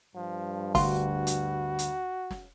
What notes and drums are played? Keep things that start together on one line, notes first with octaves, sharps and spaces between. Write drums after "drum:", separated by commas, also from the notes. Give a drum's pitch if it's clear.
G2 F3
D2 F4 F#4, drum: kick, open hi-hat
drum: hi-hat
drum: hi-hat
drum: snare